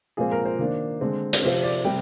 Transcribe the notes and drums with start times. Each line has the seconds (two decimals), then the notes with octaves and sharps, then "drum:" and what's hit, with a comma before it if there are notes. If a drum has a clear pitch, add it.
0.17 A#2 F3 G#3 C4 G#4
0.31 A#4
0.45 C5
0.59 D#3 A#3 D4
1.01 D3 G#3 C4
1.33 drum: hi-hat
1.43 C3 F3 C4 C5
1.63 D5
1.85 C3 G3 C4 G5